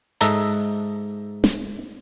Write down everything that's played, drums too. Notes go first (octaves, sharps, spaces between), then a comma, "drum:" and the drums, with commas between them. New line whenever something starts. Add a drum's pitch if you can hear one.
G#2 A4 D#5 E5 A5 A#5, drum: hi-hat
drum: snare